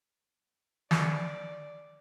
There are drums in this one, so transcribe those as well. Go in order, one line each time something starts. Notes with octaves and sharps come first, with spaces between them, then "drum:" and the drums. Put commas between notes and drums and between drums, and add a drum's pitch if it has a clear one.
D5, drum: snare